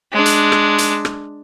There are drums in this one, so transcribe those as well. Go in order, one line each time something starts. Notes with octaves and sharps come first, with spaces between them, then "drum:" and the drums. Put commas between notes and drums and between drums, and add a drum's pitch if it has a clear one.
G#3 D4
drum: hi-hat
drum: rim click
drum: hi-hat
drum: rim click